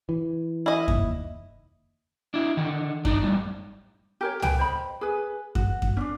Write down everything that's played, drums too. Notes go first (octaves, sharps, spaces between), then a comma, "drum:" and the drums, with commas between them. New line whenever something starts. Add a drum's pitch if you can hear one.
E3
E4 D#5
F1 D#2, drum: kick F#2
D4 E4
D3 D#3
D4 D#4 D5, drum: kick F#2
A2 G3
G4 A#4 C#5
B4 G5, drum: tom
C5 D#5 B5
G#4 B4
F#4, drum: kick F#2
drum: kick F#2
C#4 D4